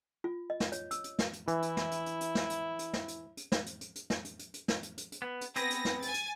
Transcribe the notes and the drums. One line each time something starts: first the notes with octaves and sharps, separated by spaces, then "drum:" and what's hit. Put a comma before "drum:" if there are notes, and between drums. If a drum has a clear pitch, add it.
F4
D#5
drum: snare
C#5, drum: hi-hat
E6, drum: hi-hat
drum: hi-hat
drum: snare
drum: hi-hat
E3 E4, drum: hi-hat
drum: hi-hat
drum: snare
drum: hi-hat
drum: hi-hat
drum: hi-hat
drum: snare
drum: hi-hat
drum: hi-hat
drum: snare
drum: hi-hat
drum: hi-hat
drum: snare
drum: hi-hat
drum: hi-hat
drum: hi-hat
drum: snare
drum: hi-hat
drum: hi-hat
drum: hi-hat
drum: snare
drum: hi-hat
drum: hi-hat
drum: hi-hat
B3
drum: hi-hat
B3 C4 G#4 B4 A#6, drum: hi-hat
drum: hi-hat
drum: snare
G#5 A6, drum: hi-hat
drum: hi-hat